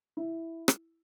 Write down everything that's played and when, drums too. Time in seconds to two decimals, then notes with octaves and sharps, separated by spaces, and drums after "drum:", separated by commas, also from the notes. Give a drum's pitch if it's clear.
0.17 E4
0.68 drum: rim click